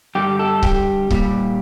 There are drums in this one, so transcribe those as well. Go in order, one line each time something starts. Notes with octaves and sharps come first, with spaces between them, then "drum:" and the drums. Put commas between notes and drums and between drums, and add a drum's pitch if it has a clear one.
G2 D3 G3 G4
A4
G4, drum: kick C#1
A#2 G3, drum: kick C#1